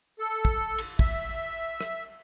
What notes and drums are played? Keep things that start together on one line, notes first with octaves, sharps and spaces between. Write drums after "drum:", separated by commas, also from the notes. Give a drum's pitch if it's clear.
A4
drum: kick
drum: cymbal
E5, drum: kick
drum: rim click